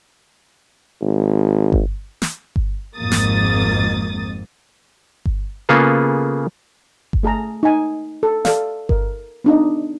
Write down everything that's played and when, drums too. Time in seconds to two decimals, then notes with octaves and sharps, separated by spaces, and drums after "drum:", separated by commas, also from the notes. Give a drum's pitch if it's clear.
1.02 G#1
1.72 drum: kick G1
2.22 drum: snare
2.56 drum: kick G1
2.96 G#1 F2 G#2 A#3 D#6 A6
3.12 drum: snare
5.26 drum: kick G1
5.69 C#3 A#3 B3 F4 G#4 A4
7.13 drum: kick G1
7.23 A3 G#4 A5 A#5
7.63 D#4 G#5
8.23 A4
8.45 A4 D5 F5, drum: snare
8.89 A#4, drum: kick G1
9.44 B3 D4 D#4